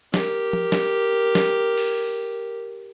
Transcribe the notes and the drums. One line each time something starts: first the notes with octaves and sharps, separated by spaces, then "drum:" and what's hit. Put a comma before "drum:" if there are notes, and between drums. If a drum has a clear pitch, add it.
G4 A#4, drum: snare
drum: tom F3
drum: snare
drum: snare
drum: open hi-hat